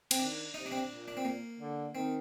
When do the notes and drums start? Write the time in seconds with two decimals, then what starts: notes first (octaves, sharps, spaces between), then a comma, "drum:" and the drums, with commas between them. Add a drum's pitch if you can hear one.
0.11 C4, drum: cymbal
0.19 D#3 D4
0.54 C3 D#4
0.66 D4
0.72 C4
0.77 D4
0.89 A#2
1.08 D4
1.17 C4
1.25 A#3
1.60 D3
1.94 D#3 C4